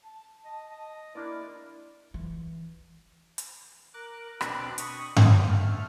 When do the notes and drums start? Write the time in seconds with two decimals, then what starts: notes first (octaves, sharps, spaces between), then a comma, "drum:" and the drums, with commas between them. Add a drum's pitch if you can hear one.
0.03 A5
0.45 D#5
0.71 D#5
1.15 A#3 D4 E4 A#4 D5 C6
2.14 E3
3.38 drum: hi-hat
3.94 A#4 D6 F#6
4.41 B2 C4 D4 D6 F#6, drum: rim click
4.78 B5 C#6 D#6, drum: hi-hat
5.16 G3 A#3 C4 C5 D#6, drum: tom G2
5.48 A3 F6